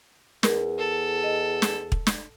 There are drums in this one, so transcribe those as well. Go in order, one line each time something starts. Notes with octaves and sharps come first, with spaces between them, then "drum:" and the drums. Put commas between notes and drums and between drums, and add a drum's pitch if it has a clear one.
E2 A#4, drum: snare
A4
D#5
drum: snare
drum: kick
drum: snare